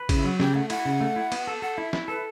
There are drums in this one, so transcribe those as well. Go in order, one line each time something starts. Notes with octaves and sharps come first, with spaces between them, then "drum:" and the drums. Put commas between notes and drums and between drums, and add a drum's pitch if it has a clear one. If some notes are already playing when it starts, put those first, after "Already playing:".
Already playing: B4
C#3, drum: kick, cymbal
E4
F#3 F#4
C#3 G4, drum: snare
A3 F#5
E4 F#5, drum: cymbal
C#3
A3
E4
B3, drum: cymbal
A4
A4 F#5
E4 E5
E4, drum: snare
A4 B4